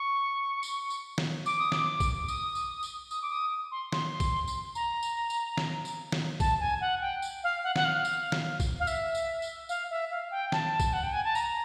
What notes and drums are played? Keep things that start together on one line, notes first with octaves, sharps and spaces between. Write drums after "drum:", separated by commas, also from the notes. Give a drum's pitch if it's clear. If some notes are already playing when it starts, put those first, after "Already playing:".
Already playing: C#6
drum: tambourine
drum: tambourine
drum: snare
D6, drum: tambourine
D#6
D6, drum: snare
drum: kick, tambourine
D#6, drum: tambourine
drum: tambourine
drum: tambourine
D#6, drum: tambourine
D6
D#6
C6
C6, drum: snare
drum: kick, tambourine
drum: tambourine
A#5, drum: tambourine
drum: tambourine
drum: tambourine
drum: snare
drum: tambourine
drum: snare
A5, drum: kick, tambourine
G#5
F#5
G5
drum: tambourine
F5
F#5
F#5, drum: snare
F5
drum: tambourine
drum: snare
drum: kick, tambourine
F5
E5, drum: tambourine
drum: tambourine
drum: tambourine
F5, drum: tambourine
E5
F5
G5
A5, drum: snare
drum: kick, tambourine
F#5
G5
G#5
A5
A#5, drum: tambourine